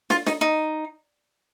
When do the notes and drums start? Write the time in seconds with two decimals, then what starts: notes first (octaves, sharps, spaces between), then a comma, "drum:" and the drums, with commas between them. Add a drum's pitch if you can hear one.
0.10 F4, drum: snare
0.27 D#4, drum: snare
0.41 D#4